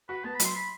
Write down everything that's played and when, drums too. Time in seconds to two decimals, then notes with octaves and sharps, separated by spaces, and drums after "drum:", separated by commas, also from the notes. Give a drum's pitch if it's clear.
0.09 F#4 B4
0.24 B3 A5
0.35 B5
0.40 F#3, drum: hi-hat
0.45 C6
0.55 B5